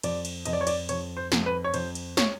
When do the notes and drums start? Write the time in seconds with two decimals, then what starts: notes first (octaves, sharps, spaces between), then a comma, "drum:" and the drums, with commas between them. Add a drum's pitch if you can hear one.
0.03 F2 D5, drum: cymbal
0.25 drum: cymbal
0.45 F2 D#5, drum: cymbal
0.53 D5
0.61 C#5
0.67 D5, drum: cymbal
0.89 F2 C#5, drum: cymbal
1.17 C5
1.32 F2, drum: snare
1.46 B4
1.64 C#5
1.74 F2 C5, drum: cymbal
1.95 drum: cymbal
2.17 C#5, drum: snare